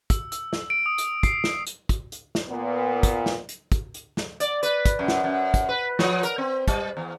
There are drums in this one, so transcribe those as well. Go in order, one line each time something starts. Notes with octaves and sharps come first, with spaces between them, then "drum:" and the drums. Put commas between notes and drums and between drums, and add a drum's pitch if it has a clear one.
E6, drum: kick, hi-hat
E6, drum: hi-hat
drum: snare
D7
D#6
drum: hi-hat
C7, drum: kick, hi-hat
drum: snare
drum: hi-hat
drum: kick, hi-hat
drum: hi-hat
drum: snare
A#2 B3
drum: kick, hi-hat
drum: snare
drum: hi-hat
drum: kick, hi-hat
drum: hi-hat
drum: snare
D5, drum: hi-hat
B4, drum: hi-hat
drum: kick, hi-hat
F#2
drum: snare
F#2
drum: kick, hi-hat
B4
F3, drum: snare
A#4, drum: hi-hat
C4
G3, drum: kick, hi-hat
E2